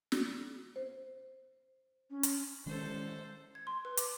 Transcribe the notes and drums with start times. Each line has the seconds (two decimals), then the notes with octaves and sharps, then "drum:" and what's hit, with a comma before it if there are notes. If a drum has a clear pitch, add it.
0.12 drum: snare
0.76 C5
2.10 C#4
2.23 drum: hi-hat
2.66 D#3 G#3 C#4 A4 C5
3.55 G#6
3.67 C6
3.85 B4
3.97 D6, drum: hi-hat